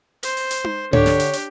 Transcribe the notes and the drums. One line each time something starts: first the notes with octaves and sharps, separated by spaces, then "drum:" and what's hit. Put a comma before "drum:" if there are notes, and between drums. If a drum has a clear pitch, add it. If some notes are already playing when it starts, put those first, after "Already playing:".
C5, drum: hi-hat
drum: open hi-hat
drum: hi-hat
drum: tom D#4
D3 D4 G4 C#5, drum: tom G#2
drum: snare
drum: hi-hat
drum: hi-hat